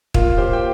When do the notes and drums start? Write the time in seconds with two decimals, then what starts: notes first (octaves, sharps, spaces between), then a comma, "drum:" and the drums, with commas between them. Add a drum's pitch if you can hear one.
0.14 A#3 F4, drum: kick
0.38 G4 C5
0.53 G5